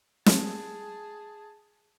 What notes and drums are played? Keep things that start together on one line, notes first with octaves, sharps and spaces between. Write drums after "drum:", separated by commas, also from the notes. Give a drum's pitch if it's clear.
G#4 A5, drum: snare